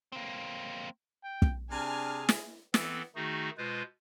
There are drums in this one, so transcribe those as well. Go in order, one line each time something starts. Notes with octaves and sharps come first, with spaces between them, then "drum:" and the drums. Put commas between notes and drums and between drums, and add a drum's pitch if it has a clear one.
A#3 C4
G5
drum: kick
C3 D4 G#4 G#5 F6
drum: snare
E3 B3 C4 A4, drum: snare
D#3 A3 D#4 F#4 G#4
B2 G#3 F4 B4 C5